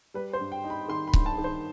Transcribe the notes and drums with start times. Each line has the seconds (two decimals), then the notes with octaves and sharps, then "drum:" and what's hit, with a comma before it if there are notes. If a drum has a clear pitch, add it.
0.14 G3 B4
0.33 C5
0.39 G2
0.52 G5
0.64 D#4
0.70 B5
0.88 D#3 C6
1.08 B5
1.14 G2, drum: kick C#1
1.26 A5
1.38 D#3
1.44 C5